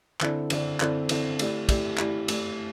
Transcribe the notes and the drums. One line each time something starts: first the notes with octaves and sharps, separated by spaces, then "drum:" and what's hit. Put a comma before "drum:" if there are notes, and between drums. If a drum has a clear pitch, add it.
D3 C4 E4 A4 D5, drum: clap
D3 C4 E4 A4 D5, drum: cymbal
D3 C4 E4 A4 D5, drum: clap
D3 C4 E4 A4 D5, drum: cymbal
A3 E4 G4 D5, drum: cymbal
A3 E4 G4 D5, drum: kick, cymbal
A3 E4 G4 D5, drum: clap
A3 E4 G4 D5, drum: cymbal